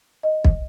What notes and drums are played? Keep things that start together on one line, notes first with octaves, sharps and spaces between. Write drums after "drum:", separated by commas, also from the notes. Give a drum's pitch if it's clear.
D#5
drum: kick